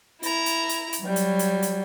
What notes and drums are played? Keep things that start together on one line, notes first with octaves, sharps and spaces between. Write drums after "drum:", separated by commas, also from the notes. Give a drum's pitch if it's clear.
E4 A#5, drum: hi-hat
drum: hi-hat
drum: hi-hat
drum: hi-hat
F#3 G3
drum: hi-hat
drum: hi-hat
drum: hi-hat